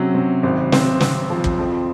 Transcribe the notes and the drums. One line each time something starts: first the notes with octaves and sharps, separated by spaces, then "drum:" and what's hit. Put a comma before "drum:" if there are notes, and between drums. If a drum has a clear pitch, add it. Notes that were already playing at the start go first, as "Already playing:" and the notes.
Already playing: C3 F#3 C#4
C3
G#1
C4, drum: snare
C4, drum: snare
F3
drum: kick
F2